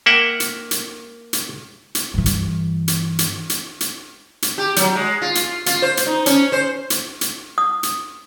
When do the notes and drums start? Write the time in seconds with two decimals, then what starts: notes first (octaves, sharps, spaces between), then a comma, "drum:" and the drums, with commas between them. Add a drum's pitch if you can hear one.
0.06 A#3 E5 F#5 G5
0.40 drum: hi-hat
0.71 drum: hi-hat
1.33 drum: hi-hat
1.95 drum: hi-hat
2.14 G2 E3
2.26 drum: hi-hat
2.88 drum: hi-hat
3.19 drum: hi-hat
3.50 drum: hi-hat
3.81 drum: hi-hat
4.42 drum: hi-hat
4.58 G4
4.76 F#3, drum: hi-hat
4.95 G#3
5.22 F4
5.35 drum: hi-hat
5.66 F4, drum: hi-hat
5.82 C5
5.97 drum: hi-hat
6.07 D#4
6.26 C#4, drum: hi-hat
6.52 C5
6.90 drum: hi-hat
7.21 drum: hi-hat
7.58 D#6
7.83 drum: hi-hat